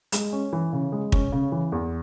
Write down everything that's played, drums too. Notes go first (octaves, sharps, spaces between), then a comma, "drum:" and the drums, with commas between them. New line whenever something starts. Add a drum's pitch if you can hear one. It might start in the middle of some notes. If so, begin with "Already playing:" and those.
G#3, drum: hi-hat
C#4
E3
C#3
G#3
C#4, drum: kick
C#3
E3
E2